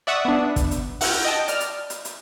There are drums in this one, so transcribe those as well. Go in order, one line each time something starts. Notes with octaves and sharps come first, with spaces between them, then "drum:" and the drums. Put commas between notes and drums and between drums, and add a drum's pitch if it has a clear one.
D5 E5 F#5 C#6 D#6
B3 D4
drum: kick, hi-hat
drum: hi-hat
F#5 E6 F6 G6 G#6, drum: open hi-hat
D#5 G5 A5
D5 F6, drum: hi-hat
drum: hi-hat
drum: hi-hat
drum: hi-hat